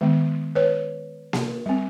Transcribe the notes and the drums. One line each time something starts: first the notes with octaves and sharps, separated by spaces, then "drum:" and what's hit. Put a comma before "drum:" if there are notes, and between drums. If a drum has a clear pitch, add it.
D#3 G#3 B3
B4 C#5
drum: snare A#3
G3 C4